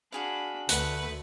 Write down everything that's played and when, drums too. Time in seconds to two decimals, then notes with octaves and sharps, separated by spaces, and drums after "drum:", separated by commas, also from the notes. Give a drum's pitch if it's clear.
0.12 D4 F#4 G#4 F5 B5
0.69 D2 A3 B4 F#5, drum: hi-hat